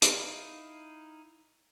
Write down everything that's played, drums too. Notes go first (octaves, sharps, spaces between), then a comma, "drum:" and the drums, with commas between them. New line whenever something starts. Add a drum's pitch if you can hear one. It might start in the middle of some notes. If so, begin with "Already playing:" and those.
D#4 E4 F5, drum: hi-hat